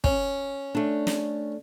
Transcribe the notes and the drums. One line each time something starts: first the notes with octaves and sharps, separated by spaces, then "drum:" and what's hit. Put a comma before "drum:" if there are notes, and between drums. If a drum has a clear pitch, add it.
C#4, drum: kick
A3 D4
drum: snare